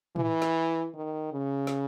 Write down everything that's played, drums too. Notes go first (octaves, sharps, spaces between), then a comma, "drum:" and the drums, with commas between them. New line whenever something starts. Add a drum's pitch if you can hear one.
E3, drum: tom A2
drum: snare
D#3
C#3
drum: snare